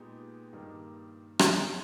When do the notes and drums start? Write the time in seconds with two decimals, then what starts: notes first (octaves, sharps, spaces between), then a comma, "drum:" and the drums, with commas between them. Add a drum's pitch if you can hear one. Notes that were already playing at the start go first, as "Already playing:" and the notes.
Already playing: A#2 G#3 B3 D#4 G4
0.53 G2 D#3 G3 A#3 D#4
1.39 C#3 G#3 C#4 G4, drum: rim click